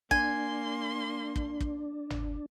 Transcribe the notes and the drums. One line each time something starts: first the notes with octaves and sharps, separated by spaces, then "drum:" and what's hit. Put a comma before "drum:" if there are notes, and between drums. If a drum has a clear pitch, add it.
A#3 D4 G#5 C6, drum: kick
drum: kick
drum: kick
drum: tom